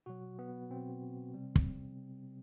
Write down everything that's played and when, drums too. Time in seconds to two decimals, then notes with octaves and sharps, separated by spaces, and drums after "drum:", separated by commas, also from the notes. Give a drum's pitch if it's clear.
0.06 B2 F#3 F#4
0.39 B3
0.70 B2 F#3 C4
1.34 C3 G3
1.56 drum: kick